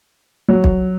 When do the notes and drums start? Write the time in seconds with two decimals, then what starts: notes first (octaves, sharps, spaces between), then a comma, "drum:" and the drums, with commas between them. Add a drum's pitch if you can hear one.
0.49 F#3
0.64 drum: kick B1